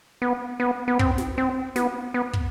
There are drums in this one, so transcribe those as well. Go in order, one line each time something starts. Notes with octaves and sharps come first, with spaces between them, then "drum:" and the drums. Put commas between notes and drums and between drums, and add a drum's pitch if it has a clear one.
B3
B3
B3
C4, drum: kick
drum: snare
C4
B3, drum: snare
B3
drum: kick